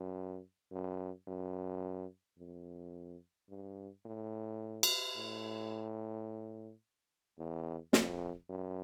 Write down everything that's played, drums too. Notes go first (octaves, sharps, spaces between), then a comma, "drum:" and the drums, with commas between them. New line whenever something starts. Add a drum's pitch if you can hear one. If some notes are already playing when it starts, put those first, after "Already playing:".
Already playing: F#2
F#2
F#2
F2
G2
A2
drum: cymbal
A2
E2
F2, drum: snare
F#2